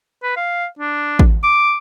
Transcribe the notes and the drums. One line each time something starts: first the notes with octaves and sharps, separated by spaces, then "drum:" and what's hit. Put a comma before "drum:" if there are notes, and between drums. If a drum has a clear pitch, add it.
B4
F5
D4
drum: kick A1
D6